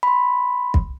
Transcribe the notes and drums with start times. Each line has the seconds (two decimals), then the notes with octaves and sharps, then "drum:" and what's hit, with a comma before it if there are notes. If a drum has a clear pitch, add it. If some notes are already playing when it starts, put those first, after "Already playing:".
0.03 B5 C6
0.74 drum: kick